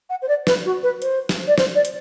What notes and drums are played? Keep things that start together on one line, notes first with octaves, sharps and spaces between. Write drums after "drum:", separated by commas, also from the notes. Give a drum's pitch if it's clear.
F#5
C5
D5
B4, drum: snare
F#4
B4
C5, drum: hi-hat
drum: snare
D5
C5, drum: snare
D5
drum: hi-hat